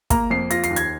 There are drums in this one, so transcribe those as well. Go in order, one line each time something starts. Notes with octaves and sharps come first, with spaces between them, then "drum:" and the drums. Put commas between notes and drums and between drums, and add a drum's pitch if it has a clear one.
A#3 A#5, drum: kick, hi-hat
F2 C7
F4 A#6, drum: hi-hat
C7, drum: hi-hat
D#2
G#6, drum: hi-hat